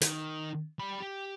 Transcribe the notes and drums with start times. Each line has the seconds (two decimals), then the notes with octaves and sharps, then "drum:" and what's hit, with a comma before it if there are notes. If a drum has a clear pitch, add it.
0.01 D#3, drum: hi-hat
0.80 G3 B5
1.00 G4